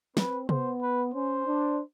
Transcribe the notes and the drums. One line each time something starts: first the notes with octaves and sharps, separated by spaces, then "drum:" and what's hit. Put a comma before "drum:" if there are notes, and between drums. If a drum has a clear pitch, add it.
C4 B4, drum: snare
B3 C5, drum: tom C3
B4
C#4 C5
D4